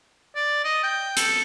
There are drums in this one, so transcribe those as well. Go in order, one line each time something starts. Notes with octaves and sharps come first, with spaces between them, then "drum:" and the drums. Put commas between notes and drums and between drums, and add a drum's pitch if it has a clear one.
D5
D#5
G5
A4, drum: hi-hat